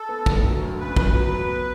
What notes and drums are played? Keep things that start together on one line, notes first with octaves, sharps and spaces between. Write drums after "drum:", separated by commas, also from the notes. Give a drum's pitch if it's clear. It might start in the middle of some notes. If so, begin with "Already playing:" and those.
Already playing: A4
B3
D2, drum: kick
F#3
D2
C#3 B4
B3, drum: kick
F#3
B3